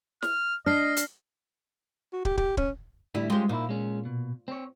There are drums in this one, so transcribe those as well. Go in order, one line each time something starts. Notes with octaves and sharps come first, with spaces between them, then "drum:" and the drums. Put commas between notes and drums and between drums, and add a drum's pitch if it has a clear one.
F6, drum: snare
D4 D#5 F6 A#6 C7
drum: hi-hat
F#4
G4, drum: kick
G4, drum: kick
C#4, drum: kick
A2 D3 G3 E4
G#3 C#4 F4 G4 C5
A#2 A#3 D#4 E4
G#3 C#4
B2
C4 C#5